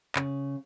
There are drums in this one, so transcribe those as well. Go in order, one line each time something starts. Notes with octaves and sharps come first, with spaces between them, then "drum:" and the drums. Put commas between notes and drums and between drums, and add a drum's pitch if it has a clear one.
C#3, drum: clap